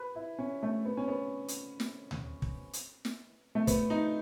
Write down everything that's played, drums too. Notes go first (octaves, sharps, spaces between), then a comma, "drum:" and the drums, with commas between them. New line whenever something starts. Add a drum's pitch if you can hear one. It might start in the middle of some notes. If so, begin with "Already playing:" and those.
Already playing: B4
E4
C#4
A3
B3
C#4
B3
drum: hi-hat
drum: snare
drum: tom D2
drum: kick
drum: hi-hat
drum: snare
A3
B3, drum: kick, hi-hat
D#4